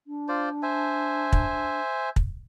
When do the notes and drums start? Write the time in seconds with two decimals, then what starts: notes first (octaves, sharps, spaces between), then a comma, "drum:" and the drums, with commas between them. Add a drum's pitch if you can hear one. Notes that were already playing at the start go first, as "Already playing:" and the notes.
0.07 D4
0.28 F4 C5 D5
0.63 C5 E5 G#5
1.33 drum: kick
2.16 drum: kick